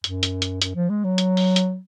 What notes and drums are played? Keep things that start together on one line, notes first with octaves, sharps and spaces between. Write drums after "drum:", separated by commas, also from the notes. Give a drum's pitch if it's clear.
F#2, drum: hi-hat
drum: hi-hat
drum: hi-hat
F#2, drum: hi-hat
F3
G#3
F#3
drum: hi-hat
drum: open hi-hat
drum: hi-hat